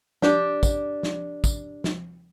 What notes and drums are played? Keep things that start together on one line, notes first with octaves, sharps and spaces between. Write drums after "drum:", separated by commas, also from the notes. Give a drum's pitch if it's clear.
D4 G4, drum: snare
drum: kick, tambourine
drum: snare
drum: kick, tambourine
drum: snare